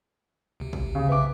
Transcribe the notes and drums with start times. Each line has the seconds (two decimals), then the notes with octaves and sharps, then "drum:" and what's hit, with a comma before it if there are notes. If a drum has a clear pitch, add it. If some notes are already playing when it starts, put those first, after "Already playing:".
0.60 D2 C3
0.73 drum: kick
0.95 C#3
1.09 B1 C#3 B4 E5 D6